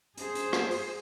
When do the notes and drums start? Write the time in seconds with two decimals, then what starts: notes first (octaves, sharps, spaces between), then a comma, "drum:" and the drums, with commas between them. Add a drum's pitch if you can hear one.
0.17 G#4 C5, drum: hi-hat
0.35 drum: hi-hat
0.53 drum: rim click
0.71 drum: open hi-hat